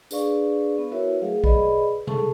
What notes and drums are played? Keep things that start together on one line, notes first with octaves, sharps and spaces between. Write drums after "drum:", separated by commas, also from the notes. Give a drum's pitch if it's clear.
D4 G#4 B4 D5 F5 C#6, drum: tambourine
B3
E4 F#4 A#4 B4 C#5 E5
F#3 A3 G#4 F5
G#4 B4 D5 D#5 B5, drum: kick A#1
G#4 A4 A5 C#6, drum: tom C3